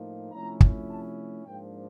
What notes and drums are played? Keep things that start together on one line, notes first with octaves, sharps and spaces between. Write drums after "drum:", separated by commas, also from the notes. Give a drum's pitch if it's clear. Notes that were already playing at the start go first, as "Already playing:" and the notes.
Already playing: A2 F3 A#3 D#4
C3 F3 A3 C#4 E4 A#5
drum: kick
A5
G#2 F3 A#3 D4 G5